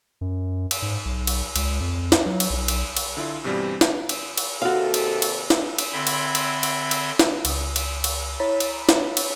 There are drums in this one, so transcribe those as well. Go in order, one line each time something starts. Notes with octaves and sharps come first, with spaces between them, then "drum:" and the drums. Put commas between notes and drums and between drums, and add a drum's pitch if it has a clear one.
F#2
drum: cymbal
G#2
B1
drum: cymbal
C#2, drum: cymbal
F2
drum: snare
F#3
drum: cymbal
B1
drum: cymbal
drum: cymbal
D3 E4 F4
G2 B2 E3 G3 C4
drum: snare
drum: cymbal
drum: cymbal
D#2 C3 F#4 A4 F5
drum: cymbal
drum: cymbal
drum: snare
drum: cymbal
D3 C4 E5 B5 C6 G#6
drum: cymbal
drum: cymbal
drum: cymbal
drum: cymbal
drum: snare
C#2 D#6, drum: cymbal
drum: cymbal
drum: cymbal
E4 C#5 A#5 B5 A6 B6
drum: cymbal
drum: snare
drum: cymbal